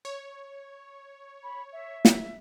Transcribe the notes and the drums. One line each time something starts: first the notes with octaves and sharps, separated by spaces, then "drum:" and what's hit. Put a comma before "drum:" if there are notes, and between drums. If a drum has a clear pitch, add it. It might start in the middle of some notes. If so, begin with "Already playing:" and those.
C#5
B5
E5
drum: snare